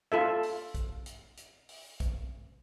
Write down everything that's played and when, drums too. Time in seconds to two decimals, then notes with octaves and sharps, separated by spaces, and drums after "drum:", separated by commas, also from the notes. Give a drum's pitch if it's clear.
0.12 F4 A4 E5
0.43 drum: open hi-hat
0.74 drum: kick A#1, hi-hat
1.06 drum: hi-hat
1.37 drum: hi-hat
1.69 drum: open hi-hat
2.00 drum: kick A#1, hi-hat